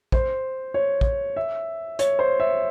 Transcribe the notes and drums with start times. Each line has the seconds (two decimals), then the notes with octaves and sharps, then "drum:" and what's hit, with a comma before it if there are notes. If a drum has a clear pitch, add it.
0.12 C5, drum: kick
0.74 C#5
1.01 drum: kick
1.36 E5
1.99 C#5, drum: hi-hat
2.19 C5
2.40 E5